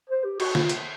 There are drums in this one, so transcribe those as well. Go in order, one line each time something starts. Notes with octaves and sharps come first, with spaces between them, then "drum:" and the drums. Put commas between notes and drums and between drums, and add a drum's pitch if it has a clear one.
C5
G4
F#4, drum: cymbal
F4, drum: snare
drum: hi-hat